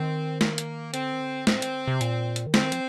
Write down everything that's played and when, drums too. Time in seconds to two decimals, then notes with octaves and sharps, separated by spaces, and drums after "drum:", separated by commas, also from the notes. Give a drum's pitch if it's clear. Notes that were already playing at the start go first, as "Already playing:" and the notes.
Already playing: D#3 C4
0.41 A#3, drum: snare
0.58 drum: hi-hat
0.94 D3 C4, drum: hi-hat
1.13 D#3
1.20 D3
1.47 A#2 C4, drum: snare
1.62 D#3, drum: hi-hat
1.75 D3
1.88 C3
2.01 A#2, drum: hi-hat
2.36 drum: hi-hat
2.47 D#3
2.54 D3 C4, drum: snare
2.64 D#3
2.72 F3, drum: hi-hat